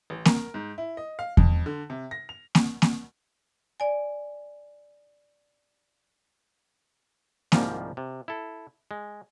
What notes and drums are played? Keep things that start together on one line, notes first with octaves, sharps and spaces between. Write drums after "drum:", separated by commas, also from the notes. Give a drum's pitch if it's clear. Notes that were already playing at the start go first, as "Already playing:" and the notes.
A1
A#4, drum: snare A#3
G#2
E4
D#5
F5
F2, drum: kick E2
D3
C3
A#6
F7
drum: snare A#3
drum: snare A#3
D5 G#5
C2 G#2 D#3 F3 G3 A#3, drum: snare A#3
C3
E4 A4
G#3